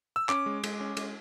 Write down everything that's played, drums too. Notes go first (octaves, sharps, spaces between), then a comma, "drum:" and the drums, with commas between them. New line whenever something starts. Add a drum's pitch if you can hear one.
E6
C#4 D6, drum: clap
G#3
G#3, drum: cymbal
C#4
G#3, drum: cymbal